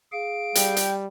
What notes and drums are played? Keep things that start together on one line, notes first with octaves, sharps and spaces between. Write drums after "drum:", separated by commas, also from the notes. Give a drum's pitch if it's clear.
G#4 F5 D7
G3 G5, drum: hi-hat
drum: hi-hat